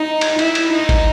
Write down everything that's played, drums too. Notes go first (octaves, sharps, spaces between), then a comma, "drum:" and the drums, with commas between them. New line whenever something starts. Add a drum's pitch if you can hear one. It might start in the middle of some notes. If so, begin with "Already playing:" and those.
Already playing: D#4
drum: cymbal
E4, drum: cymbal
drum: cymbal
D#4
drum: kick G1, cymbal